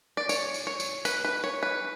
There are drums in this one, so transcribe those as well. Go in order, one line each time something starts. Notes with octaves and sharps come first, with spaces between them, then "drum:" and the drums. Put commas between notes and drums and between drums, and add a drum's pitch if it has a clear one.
D5
C#5, drum: tambourine
drum: tambourine
C#5
drum: tambourine
B4, drum: tambourine
B4
C#5
B4